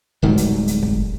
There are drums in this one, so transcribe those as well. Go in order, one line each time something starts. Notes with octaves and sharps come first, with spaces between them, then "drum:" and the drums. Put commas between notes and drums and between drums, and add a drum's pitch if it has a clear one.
D1 G#2 F#3 G3
drum: hi-hat
drum: hi-hat
drum: kick